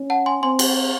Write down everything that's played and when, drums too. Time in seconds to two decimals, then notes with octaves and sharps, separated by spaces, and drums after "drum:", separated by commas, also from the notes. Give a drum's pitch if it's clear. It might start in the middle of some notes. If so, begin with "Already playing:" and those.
Already playing: C#4
0.10 F#5 A5
0.26 G#5 C6
0.43 C4 G#5 C6
0.59 drum: cymbal